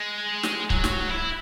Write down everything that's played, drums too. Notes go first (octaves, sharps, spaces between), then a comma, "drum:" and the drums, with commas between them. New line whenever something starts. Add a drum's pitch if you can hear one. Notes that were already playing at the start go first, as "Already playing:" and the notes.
Already playing: G#3
drum: snare
F#3, drum: kick C#1
drum: snare
E4